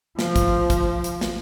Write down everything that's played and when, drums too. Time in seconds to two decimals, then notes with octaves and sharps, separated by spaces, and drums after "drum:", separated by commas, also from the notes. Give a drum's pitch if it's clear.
0.19 F3, drum: snare
0.36 drum: kick, hi-hat
0.70 drum: kick, hi-hat
1.04 drum: hi-hat
1.21 drum: snare